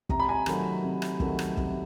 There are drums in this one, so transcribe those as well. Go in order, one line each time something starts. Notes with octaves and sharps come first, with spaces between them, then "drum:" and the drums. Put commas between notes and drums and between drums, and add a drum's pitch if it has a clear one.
C3 A#5, drum: kick
B5
G#5 A#5
D#3 F#3 A3 C4, drum: rim click
C3
drum: rim click
D#3 F#3 A3 C4, drum: kick
drum: rim click
C3, drum: kick